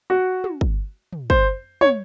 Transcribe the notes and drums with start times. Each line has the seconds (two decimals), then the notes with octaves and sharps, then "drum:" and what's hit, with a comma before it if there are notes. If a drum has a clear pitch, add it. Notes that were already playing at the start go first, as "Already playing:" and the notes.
0.10 F#4
0.44 drum: tom
0.61 drum: kick
1.13 drum: tom
1.30 C5, drum: kick
1.81 C#5, drum: tom